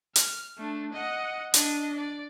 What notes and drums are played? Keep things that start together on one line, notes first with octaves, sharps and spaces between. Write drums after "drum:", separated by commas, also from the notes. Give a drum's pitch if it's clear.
F6, drum: hi-hat
A3 D4
D#5 F#5
D4 D#5, drum: hi-hat
D5